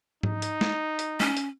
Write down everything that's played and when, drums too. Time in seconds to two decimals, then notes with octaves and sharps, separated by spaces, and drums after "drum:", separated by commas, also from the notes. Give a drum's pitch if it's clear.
0.23 D#4, drum: tom G#2
0.42 drum: hi-hat
0.61 drum: snare
0.99 drum: hi-hat
1.20 C#4, drum: snare
1.37 drum: hi-hat